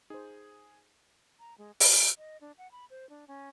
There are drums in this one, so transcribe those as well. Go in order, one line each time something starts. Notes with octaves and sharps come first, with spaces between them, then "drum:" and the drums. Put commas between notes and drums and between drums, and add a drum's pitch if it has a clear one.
D#4 G#4 C5
A#5
G#3
G#5, drum: open hi-hat
D#5
D4
F#5
B5
C5
D4
C#4